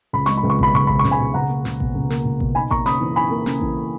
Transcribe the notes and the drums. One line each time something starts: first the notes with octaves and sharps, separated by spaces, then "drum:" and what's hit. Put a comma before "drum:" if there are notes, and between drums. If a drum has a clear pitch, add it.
C#2 B5
G#3 C#6, drum: snare
B5
C#2
C#6
B2 B5, drum: kick A1
C#2 C#6
G#3 B5, drum: kick A1
C#6
C#2, drum: snare
G#5 B5
B2
C#2 F#5 A#5
A#3
C#2, drum: snare
B2, drum: kick A1
C#2
A#3, drum: snare
C#2
B2, drum: kick A1
D#4 G#5 B5
A#3 A#5 C#6, drum: kick A1
C#3 B5 D#6, drum: snare
E3
D#4 G#5 B5
A#3
C#3, drum: snare
E3, drum: kick A1